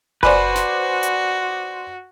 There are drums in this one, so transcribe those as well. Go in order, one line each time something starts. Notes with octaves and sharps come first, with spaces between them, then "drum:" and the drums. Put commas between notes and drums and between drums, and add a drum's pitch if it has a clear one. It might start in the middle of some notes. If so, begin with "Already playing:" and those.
F#4 B4 C5 D5 G#5, drum: kick F#1
drum: snare
drum: hi-hat